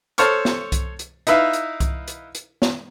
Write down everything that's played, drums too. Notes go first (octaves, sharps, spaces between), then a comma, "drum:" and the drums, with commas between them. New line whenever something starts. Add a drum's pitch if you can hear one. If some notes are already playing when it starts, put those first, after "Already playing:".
A4 C5 C#5 C#6 F6, drum: hi-hat
drum: snare
drum: kick C2, hi-hat
drum: hi-hat
D#4 E4 B4 E5 F5, drum: hi-hat
drum: hi-hat
drum: kick C2, hi-hat
drum: hi-hat
drum: hi-hat
drum: snare